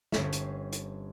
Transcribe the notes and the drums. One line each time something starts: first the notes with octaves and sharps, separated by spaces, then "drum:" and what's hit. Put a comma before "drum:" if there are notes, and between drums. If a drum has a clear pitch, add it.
G1 C4 C#4 B6, drum: snare
drum: hi-hat
drum: hi-hat